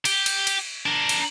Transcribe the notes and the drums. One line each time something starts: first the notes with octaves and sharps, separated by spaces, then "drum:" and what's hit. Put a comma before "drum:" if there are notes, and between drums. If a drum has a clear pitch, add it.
G4, drum: cymbal
drum: cymbal
drum: cymbal
D4 A#4
drum: cymbal